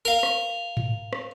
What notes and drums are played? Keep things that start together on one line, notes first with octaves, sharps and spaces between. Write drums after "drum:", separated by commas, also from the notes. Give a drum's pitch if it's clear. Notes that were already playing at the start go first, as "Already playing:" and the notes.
A#4 F5
drum: rim click
drum: tom G#2
drum: rim click